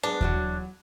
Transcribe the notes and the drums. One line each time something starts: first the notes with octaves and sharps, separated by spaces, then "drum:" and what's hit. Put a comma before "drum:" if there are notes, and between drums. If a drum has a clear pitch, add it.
G#3 A#3 B3 D4
E2 F#3 F#4, drum: kick D#2